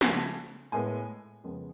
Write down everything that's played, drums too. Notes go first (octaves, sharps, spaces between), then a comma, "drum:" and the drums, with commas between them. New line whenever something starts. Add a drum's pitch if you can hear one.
C#3 F3 A3 G#5, drum: snare
A2 G#3 B3 G#5
F2 C#3 G#3 B3